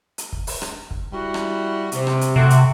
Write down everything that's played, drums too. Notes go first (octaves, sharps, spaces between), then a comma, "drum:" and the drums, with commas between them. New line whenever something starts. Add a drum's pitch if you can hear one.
drum: hi-hat
drum: kick
drum: open hi-hat
drum: rim click
drum: kick
G3 E4 F#4
drum: rim click
C3, drum: hi-hat
drum: rim click
drum: hi-hat
C3 A3 F#4
drum: hi-hat